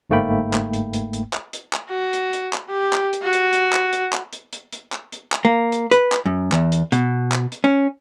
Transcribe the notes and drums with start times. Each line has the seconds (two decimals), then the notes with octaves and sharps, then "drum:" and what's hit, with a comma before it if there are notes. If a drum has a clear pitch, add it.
0.10 G1 G#2 A3 A#3 G5 B5
0.54 drum: clap
0.73 drum: hi-hat
0.93 drum: hi-hat
1.13 drum: hi-hat
1.33 drum: clap
1.53 drum: hi-hat
1.73 drum: clap
1.89 F#4
2.13 drum: hi-hat
2.33 drum: hi-hat
2.53 drum: clap
2.69 G4
2.93 drum: clap
3.13 drum: hi-hat
3.23 F#4
3.33 drum: hi-hat
3.53 drum: hi-hat
3.73 drum: clap
3.93 drum: hi-hat
4.13 drum: clap
4.33 drum: hi-hat
4.53 drum: hi-hat
4.73 drum: hi-hat
4.92 drum: clap
5.12 drum: hi-hat
5.32 drum: clap
5.45 A#3
5.72 drum: hi-hat
5.91 B4, drum: hi-hat
6.12 drum: clap
6.26 F#2
6.52 E2, drum: clap
6.72 drum: hi-hat
6.92 B2, drum: hi-hat
7.32 drum: clap
7.52 drum: hi-hat
7.64 C#4